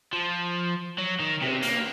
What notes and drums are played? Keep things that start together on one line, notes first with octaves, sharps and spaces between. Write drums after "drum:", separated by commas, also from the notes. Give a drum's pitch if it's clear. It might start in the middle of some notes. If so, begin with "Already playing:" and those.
F3
F#3
D#3
C3, drum: cymbal
A#3, drum: hi-hat